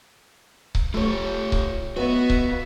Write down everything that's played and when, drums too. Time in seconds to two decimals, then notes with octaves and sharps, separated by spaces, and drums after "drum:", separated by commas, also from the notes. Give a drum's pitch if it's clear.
0.75 drum: kick C#1
0.94 A3 F4 G4 C#5
1.52 drum: kick C#1
1.96 B3 F#4 B4 D#5 E5
2.30 drum: kick C#1